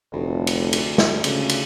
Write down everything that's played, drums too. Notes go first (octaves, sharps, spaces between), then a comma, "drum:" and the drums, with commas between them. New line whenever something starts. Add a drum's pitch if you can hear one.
F1 D2
drum: cymbal
drum: cymbal
drum: snare
D2 C#3, drum: cymbal
drum: cymbal